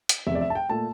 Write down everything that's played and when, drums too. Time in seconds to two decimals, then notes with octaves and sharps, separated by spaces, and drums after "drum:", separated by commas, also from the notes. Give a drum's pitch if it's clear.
0.09 drum: hi-hat
0.27 F1 E2 C3 E5
0.35 D5
0.41 E5
0.50 A5
0.55 G5
0.70 A#2 A3 A5